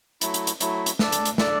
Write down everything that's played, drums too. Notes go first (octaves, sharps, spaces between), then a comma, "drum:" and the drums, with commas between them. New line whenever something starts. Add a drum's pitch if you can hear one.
F#3 A3 E4, drum: hi-hat
drum: hi-hat
drum: hi-hat
F#3 A3 E4, drum: hi-hat
drum: hi-hat
D4 A4 D5, drum: snare
drum: hi-hat
drum: hi-hat
D4 A4 D5, drum: snare